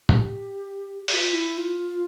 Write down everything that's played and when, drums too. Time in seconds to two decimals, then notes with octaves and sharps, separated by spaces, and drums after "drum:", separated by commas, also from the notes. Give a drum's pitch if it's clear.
0.09 G4, drum: tom
1.08 G4, drum: open hi-hat
1.13 F4
1.33 E4
1.57 F4